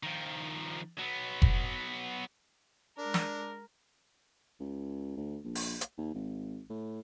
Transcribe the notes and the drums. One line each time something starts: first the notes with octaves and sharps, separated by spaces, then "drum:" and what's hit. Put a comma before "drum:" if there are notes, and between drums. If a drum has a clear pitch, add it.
D#3 F3
F#3 B3
drum: kick F1
G#3 D4 A#4
drum: snare
C#2
D2
A#1
drum: open hi-hat
drum: hi-hat
D#2
G#1
A2